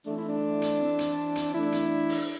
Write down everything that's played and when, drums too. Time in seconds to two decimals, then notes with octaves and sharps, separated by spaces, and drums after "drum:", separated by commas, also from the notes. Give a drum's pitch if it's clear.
0.06 E3 A3 C4 D4
0.18 E4
0.29 D4
0.62 drum: hi-hat
0.80 E3 C4
0.99 drum: hi-hat
1.35 drum: hi-hat
1.54 E3 A3 D4 E4
1.72 drum: hi-hat
2.09 drum: open hi-hat